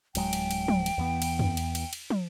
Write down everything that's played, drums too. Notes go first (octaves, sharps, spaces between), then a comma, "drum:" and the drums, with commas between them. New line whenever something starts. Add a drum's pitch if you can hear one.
D1 F#3 G#3 G5, drum: cymbal
drum: cymbal
drum: cymbal
drum: tom
drum: cymbal
E2 E3 B3
drum: cymbal
drum: tom
drum: cymbal
drum: cymbal
drum: cymbal
drum: tom